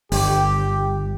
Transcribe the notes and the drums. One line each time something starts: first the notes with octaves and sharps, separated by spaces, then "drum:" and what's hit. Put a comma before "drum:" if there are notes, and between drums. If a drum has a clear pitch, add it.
G1 G4, drum: open hi-hat